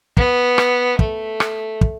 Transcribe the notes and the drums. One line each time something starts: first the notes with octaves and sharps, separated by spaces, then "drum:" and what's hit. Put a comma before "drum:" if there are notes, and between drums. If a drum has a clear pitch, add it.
B3, drum: kick
drum: rim click
A3, drum: kick
drum: rim click
drum: kick